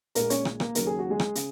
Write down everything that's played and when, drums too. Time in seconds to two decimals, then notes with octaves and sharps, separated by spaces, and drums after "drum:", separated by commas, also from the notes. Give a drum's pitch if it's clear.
0.15 A#1 A#2 G#3 A#3 A#4, drum: hi-hat
0.30 C#4 C#5, drum: hi-hat
0.45 drum: rim click
0.60 A#3 A#4, drum: rim click
0.75 D#2 C#3 F#3 A#4, drum: hi-hat
0.87 G#4
0.99 F#4
1.10 G#3 G#4
1.20 drum: rim click
1.35 C#3, drum: hi-hat